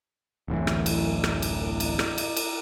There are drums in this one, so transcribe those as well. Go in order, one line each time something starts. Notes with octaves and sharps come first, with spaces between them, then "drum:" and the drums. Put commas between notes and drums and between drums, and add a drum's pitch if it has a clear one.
D1 A1 F#2 E3
drum: rim click
drum: cymbal
drum: rim click
drum: cymbal
drum: cymbal
drum: rim click
drum: cymbal
drum: cymbal